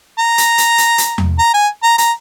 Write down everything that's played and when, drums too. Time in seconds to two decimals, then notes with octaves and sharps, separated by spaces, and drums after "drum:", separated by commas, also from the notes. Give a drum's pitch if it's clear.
0.18 A#5
0.38 drum: hi-hat
0.58 drum: hi-hat
0.78 drum: hi-hat
0.98 drum: hi-hat
1.18 drum: tom E2
1.39 A#5
1.54 G#5
1.83 A#5
1.98 A#5, drum: hi-hat